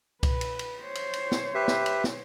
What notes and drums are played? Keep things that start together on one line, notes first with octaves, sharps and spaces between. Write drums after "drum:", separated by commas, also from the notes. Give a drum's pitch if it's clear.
B4, drum: kick C2, cymbal
drum: cymbal
drum: cymbal
C5 C#5
drum: cymbal
drum: cymbal
drum: snare
G4 B4 E5
drum: snare
drum: cymbal
drum: snare